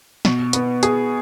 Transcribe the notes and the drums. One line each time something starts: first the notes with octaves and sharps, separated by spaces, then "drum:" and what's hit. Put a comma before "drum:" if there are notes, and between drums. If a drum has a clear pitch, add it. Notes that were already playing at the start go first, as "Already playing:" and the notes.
B2, drum: snare
B3, drum: hi-hat
G#4, drum: hi-hat